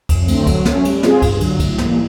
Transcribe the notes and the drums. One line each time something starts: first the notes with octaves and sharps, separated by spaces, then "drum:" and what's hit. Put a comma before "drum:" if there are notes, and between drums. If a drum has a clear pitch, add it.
F2, drum: kick C2, cymbal
D3 F#3 A3 C4, drum: cymbal
F#3, drum: kick C2, cymbal
A3 C#4, drum: snare
G3, drum: cymbal
C4 F4 G#4, drum: snare
G2, drum: kick C2, cymbal
D3 F#3, drum: cymbal
A2, drum: kick C2, cymbal
E3 G3 A#3, drum: snare